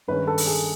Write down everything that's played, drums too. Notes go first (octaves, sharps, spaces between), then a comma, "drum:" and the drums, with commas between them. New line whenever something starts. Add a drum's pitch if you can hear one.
G2 D#3 G#3 C#4 B4
A4
drum: open hi-hat
G#4